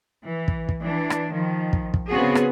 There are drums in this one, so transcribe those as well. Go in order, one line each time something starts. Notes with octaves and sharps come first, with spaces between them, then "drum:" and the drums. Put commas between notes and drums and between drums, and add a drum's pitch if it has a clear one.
E3
drum: kick
drum: kick
E3 D4
drum: rim click
D#3 F3
drum: kick
drum: kick
C#3 B3 C4 F#4 G#4
drum: rim click